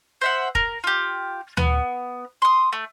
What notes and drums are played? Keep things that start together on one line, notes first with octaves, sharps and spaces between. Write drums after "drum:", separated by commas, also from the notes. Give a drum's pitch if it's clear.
C5 E5 F#5
A#4, drum: kick F1
F4 G4
B3, drum: tom D2
C6 D#6
A3